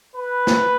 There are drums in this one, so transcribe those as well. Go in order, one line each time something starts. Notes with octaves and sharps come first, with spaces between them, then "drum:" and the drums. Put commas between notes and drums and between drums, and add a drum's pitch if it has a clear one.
B4
drum: snare